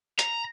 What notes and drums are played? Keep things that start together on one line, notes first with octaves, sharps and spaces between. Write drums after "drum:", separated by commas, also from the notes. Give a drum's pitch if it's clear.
A#5, drum: hi-hat